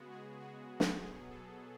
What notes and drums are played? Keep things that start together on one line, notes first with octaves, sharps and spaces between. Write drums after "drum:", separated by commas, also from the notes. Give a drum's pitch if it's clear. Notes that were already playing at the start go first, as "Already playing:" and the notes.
Already playing: C#3 G#3 B3 F#4
G#4
F#4
drum: snare
B2 F#3 B3 G#4
A4